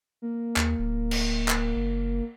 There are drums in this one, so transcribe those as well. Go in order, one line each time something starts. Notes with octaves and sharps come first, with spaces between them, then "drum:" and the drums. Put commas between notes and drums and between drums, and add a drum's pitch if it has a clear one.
A#3
D#2, drum: clap
D1
drum: cymbal
drum: clap
F#1